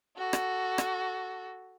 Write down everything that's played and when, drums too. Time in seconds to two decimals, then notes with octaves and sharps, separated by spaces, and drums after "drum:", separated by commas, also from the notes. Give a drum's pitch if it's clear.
0.18 F#4 A4
0.33 drum: rim click
0.78 drum: rim click